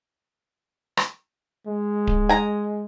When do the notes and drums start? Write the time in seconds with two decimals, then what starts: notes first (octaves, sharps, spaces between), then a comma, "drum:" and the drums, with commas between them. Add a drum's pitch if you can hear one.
0.97 drum: rim click
1.67 G#3
2.07 drum: kick D1
2.29 G#5 A#5